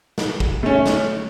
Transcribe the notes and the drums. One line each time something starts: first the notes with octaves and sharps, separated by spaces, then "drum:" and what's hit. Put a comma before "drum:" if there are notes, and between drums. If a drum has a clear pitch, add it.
drum: snare
drum: kick
A3 C#4
drum: snare